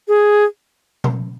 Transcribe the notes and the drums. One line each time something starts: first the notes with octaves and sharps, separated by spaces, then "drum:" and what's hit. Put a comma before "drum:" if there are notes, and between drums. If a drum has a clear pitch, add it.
G#4
drum: tom B2